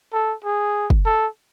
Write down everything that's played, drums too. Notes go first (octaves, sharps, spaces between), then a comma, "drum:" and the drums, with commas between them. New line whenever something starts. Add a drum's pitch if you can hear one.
A4
G#4
drum: kick
A4